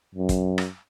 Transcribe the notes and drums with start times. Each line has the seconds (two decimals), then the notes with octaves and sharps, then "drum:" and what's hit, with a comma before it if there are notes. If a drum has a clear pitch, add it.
0.15 F#2
0.29 drum: kick, hi-hat
0.58 drum: rim click